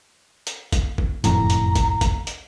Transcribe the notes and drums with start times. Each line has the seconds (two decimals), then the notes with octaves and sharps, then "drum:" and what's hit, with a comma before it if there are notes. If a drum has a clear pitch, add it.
0.47 drum: hi-hat
0.72 drum: kick, hi-hat
0.98 drum: kick
1.24 F#1 F2 A2 A#5, drum: hi-hat
1.50 drum: hi-hat
1.75 drum: kick, hi-hat
2.01 drum: kick, hi-hat
2.27 drum: hi-hat